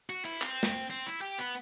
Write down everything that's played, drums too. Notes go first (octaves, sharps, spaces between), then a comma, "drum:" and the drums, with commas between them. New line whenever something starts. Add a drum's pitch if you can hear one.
F#4
E4, drum: cymbal
C4, drum: clap
drum: snare
C4
E4
G4
B3